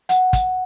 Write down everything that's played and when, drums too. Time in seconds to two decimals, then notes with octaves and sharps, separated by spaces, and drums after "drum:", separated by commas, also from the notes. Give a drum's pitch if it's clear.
0.09 F#5, drum: hi-hat
0.33 drum: kick, hi-hat